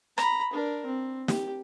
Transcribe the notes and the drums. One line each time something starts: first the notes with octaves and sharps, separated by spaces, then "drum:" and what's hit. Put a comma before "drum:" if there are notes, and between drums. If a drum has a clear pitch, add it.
A#5 B5, drum: rim click
D4 A#4
C4
G4, drum: snare